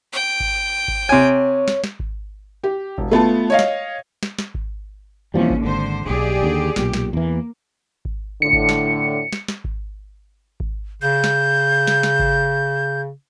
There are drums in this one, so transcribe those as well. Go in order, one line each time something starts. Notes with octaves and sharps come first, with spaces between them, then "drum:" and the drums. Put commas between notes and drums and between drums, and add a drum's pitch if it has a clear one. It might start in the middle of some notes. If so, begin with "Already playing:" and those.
G5
drum: kick G#1
drum: kick G#1
C3 C#5 G#5
drum: snare
drum: snare
drum: kick G#1
G4
E1, drum: kick G#1
A3 B3 F4 A5
C#5 D#5 F5
drum: snare
drum: snare
drum: snare
drum: kick G#1
D#2 C3 E3 F3 G3 C#4
drum: kick G#1
G#1 D3 C5
D1 B1 G4 G#4 D5
D#2 D3
B1 A#2 G4, drum: snare
drum: snare
E2 E3 A#3
drum: kick G#1
A2 D3 C#7
drum: kick G#1
drum: snare
drum: snare
drum: snare
drum: kick G#1
drum: kick G#1
C#3 G6
drum: snare
drum: snare
drum: snare
drum: kick G#1